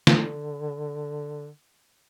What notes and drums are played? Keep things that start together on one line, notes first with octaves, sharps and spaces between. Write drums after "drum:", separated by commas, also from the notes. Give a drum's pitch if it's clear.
D3, drum: snare